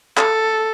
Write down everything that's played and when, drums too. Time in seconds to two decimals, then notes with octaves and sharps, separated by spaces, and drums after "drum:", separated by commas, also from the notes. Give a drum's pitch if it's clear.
0.17 A4, drum: clap